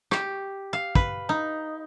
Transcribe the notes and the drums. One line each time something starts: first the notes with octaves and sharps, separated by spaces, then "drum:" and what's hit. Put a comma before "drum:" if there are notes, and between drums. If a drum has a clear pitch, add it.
G4, drum: rim click
F5
B4, drum: kick
D#4